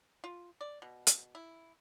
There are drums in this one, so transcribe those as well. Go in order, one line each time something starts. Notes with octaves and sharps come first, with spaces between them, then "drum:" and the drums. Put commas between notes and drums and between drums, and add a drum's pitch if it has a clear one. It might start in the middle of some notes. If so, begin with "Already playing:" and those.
F4
D5
B2
drum: hi-hat
E4